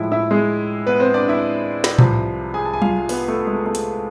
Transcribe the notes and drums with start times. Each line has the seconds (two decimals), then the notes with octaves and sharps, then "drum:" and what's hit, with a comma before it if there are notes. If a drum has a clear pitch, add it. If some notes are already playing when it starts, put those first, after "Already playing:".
Already playing: A2 F3 G#3 E4 E5
0.12 E4 E5
0.31 G#3 G#4
0.86 B3 B4
1.00 C4 C5
1.14 D4 D5
1.28 E4 E5
1.84 drum: snare
1.99 C2 C3 F3, drum: tom A2
2.54 G#4 G#5
2.66 A5
2.73 G#5
2.82 F4 F5, drum: tom F#3
3.09 B3 B4, drum: open hi-hat
3.28 A3 A4
3.47 G#3 G#4
3.65 A3 A4
3.75 drum: hi-hat